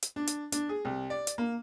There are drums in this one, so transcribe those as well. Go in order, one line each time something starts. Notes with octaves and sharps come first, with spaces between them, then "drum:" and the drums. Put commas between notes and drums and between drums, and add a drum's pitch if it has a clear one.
drum: hi-hat
D4
drum: hi-hat
D4, drum: hi-hat
G#4
C2
D5
drum: hi-hat
A#3